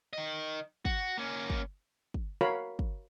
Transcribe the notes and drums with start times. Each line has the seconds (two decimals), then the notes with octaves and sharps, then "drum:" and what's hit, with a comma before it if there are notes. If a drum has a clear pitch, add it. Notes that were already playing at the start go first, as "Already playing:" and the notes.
0.13 D#3 D#5
0.85 F#4, drum: kick
1.17 A#3 C#4
1.50 drum: kick
2.14 drum: kick
2.41 F#4 A#4 C#5 F5 B5
2.79 drum: kick